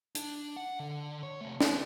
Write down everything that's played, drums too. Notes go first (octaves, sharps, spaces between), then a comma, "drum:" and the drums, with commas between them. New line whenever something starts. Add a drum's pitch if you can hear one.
D4, drum: hi-hat
F#5
D3
C#5
C3 A3
B3 G#4, drum: snare